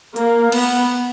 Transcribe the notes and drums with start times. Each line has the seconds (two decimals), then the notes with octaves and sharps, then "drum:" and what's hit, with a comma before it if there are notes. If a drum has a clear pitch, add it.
0.16 A#3, drum: hi-hat
0.52 B3, drum: cymbal